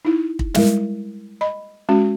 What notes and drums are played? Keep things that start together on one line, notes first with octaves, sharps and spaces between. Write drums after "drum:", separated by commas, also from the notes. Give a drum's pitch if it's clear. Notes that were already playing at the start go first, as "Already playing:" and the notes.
D#4 E4
drum: kick
G3 G#3 E4 A#4, drum: snare
D#5 B5
G#3 C#4 F#4